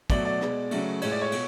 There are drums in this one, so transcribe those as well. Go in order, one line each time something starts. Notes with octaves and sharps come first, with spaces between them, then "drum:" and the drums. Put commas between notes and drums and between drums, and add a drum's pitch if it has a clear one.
B2 F#3 A3 D5, drum: kick, cymbal
D5
B2 G#3, drum: rim click
C#3 F#3 A3, drum: cymbal
A2 G#3 C#5, drum: cymbal
D5
C#5
B2, drum: cymbal